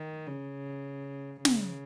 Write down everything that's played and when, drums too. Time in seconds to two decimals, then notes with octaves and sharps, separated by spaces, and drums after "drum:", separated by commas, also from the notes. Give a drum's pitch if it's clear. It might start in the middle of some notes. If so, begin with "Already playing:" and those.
Already playing: D#3
0.26 C#3
1.45 C#3, drum: snare